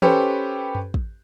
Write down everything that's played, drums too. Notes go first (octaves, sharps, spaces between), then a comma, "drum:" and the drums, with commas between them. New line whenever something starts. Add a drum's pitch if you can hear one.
C#4 G4 A4 B4 C5, drum: tom E3
drum: tom F#2
drum: kick